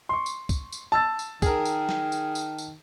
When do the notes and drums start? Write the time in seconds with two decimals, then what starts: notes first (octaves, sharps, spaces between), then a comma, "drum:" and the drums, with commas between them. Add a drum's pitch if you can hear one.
0.09 C6 C#6
0.26 drum: tambourine
0.49 drum: kick, tambourine
0.72 drum: tambourine
0.92 A5 E6 A6
1.19 drum: tambourine
1.42 D#3 G#4 A#4, drum: kick, tambourine
1.65 drum: tambourine
1.89 drum: snare
2.12 drum: tambourine
2.35 drum: tambourine
2.58 drum: tambourine